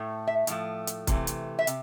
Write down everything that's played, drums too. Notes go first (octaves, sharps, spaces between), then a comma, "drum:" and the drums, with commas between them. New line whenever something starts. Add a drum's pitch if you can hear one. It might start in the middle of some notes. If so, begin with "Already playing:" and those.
Already playing: A2 A3
E5
A2 F3 A3, drum: hi-hat
drum: hi-hat
C3 E3 A3, drum: kick, hi-hat
drum: hi-hat
E5
C3, drum: hi-hat